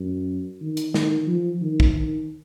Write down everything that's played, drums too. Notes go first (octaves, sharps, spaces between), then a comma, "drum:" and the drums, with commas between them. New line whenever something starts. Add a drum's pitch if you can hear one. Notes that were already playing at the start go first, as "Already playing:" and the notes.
Already playing: F#2
D#3
drum: hi-hat
D#3, drum: snare
F3
D#3
drum: kick
D#3